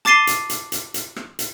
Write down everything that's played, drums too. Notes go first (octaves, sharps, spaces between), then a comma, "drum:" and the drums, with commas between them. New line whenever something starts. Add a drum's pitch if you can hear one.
A5 D6 A6 C7 D#7 G7, drum: rim click
drum: hi-hat
drum: hi-hat
drum: hi-hat
drum: hi-hat
drum: rim click
drum: hi-hat